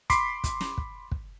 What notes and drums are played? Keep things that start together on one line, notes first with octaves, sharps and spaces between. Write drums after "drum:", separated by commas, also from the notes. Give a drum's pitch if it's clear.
B5 C6 D6 B6 C7, drum: kick, hi-hat
drum: kick, hi-hat
drum: snare
drum: kick
drum: kick